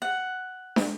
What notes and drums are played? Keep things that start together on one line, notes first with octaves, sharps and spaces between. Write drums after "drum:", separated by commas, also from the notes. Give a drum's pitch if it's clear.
F#5
drum: snare